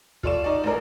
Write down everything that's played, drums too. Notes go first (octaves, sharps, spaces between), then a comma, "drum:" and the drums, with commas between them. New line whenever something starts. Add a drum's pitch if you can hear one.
F4 A4 D5 C#6 E7, drum: kick
D#4 D5
A1 A#4